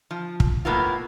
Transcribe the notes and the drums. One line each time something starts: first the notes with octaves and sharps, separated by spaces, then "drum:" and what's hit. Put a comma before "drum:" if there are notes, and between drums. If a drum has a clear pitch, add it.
F3
drum: kick
A2 A#3 B3 E4 F4